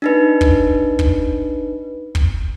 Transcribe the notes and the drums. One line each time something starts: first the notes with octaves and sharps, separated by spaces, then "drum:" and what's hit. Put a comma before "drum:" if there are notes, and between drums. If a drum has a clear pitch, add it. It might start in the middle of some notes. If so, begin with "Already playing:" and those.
D4 D#4 B4
drum: kick
drum: kick
drum: kick